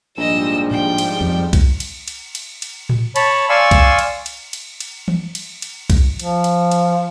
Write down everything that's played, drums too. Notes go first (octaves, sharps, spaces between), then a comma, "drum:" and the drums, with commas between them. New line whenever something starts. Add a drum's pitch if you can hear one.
A#1 G#2 F3 G3 D#5 E6
G5, drum: tom G#2
drum: cymbal
F2
drum: kick B1, cymbal
drum: cymbal
drum: cymbal
drum: cymbal
drum: cymbal
drum: tom A2
C#5 A5 B5, drum: cymbal
D5 F5 G#5 C6 C#6 E6
drum: kick B1, cymbal
drum: cymbal
drum: cymbal
drum: cymbal
drum: cymbal
drum: tom
drum: cymbal
drum: cymbal
drum: kick B1, cymbal
F3, drum: cymbal
drum: cymbal
drum: cymbal